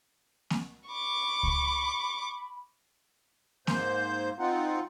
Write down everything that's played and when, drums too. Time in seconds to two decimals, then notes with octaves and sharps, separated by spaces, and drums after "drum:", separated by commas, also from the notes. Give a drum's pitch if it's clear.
0.50 drum: snare A#3
0.89 B5 C#6 D6
1.43 drum: kick C#2
3.67 G#2 A#3 C5 G6, drum: snare A#3
4.39 C4 D#4 F4 F#5